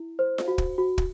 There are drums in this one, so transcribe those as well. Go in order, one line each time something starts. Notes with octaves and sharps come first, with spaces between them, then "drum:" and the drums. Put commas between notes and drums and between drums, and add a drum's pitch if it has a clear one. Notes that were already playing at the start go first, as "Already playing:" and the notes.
Already playing: E4
C5
drum: snare F4
F#4
drum: kick
F#4
drum: kick